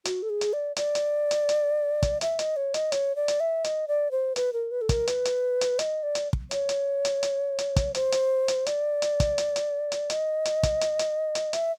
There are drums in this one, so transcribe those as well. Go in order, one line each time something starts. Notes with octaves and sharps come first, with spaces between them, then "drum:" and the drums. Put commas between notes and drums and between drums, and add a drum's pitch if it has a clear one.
F#4, drum: hi-hat
A4
G#4
drum: hi-hat
D5
D5, drum: hi-hat
drum: hi-hat
drum: hi-hat
drum: hi-hat
drum: kick, hi-hat
E5, drum: hi-hat
D#5, drum: hi-hat
C#5
D#5, drum: hi-hat
C#5, drum: hi-hat
D5
drum: hi-hat
E5
D#5, drum: hi-hat
D5
C5
B4, drum: hi-hat
A#4
B4
A4
A#4, drum: kick, hi-hat
B4, drum: hi-hat
drum: hi-hat
drum: hi-hat
D#5, drum: hi-hat
D5
drum: hi-hat
drum: kick
C#5, drum: hi-hat
drum: hi-hat
drum: hi-hat
drum: hi-hat
drum: hi-hat
drum: kick, hi-hat
C5, drum: hi-hat
drum: hi-hat
drum: hi-hat
D5, drum: hi-hat
drum: hi-hat
drum: kick, hi-hat
drum: hi-hat
drum: hi-hat
drum: hi-hat
D#5, drum: hi-hat
drum: hi-hat
drum: kick, hi-hat
drum: hi-hat
drum: hi-hat
drum: hi-hat
E5, drum: hi-hat